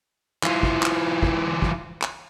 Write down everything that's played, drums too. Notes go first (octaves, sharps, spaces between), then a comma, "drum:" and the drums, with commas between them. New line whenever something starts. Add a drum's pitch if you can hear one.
E3 F4, drum: clap
drum: kick
drum: clap
drum: kick
drum: kick
drum: clap